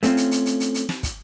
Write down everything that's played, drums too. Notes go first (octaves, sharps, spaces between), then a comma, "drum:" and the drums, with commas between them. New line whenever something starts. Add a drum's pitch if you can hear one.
A3 C4 C#4 F4, drum: hi-hat
drum: hi-hat
drum: hi-hat
drum: hi-hat
drum: hi-hat
drum: hi-hat
drum: snare
drum: kick, hi-hat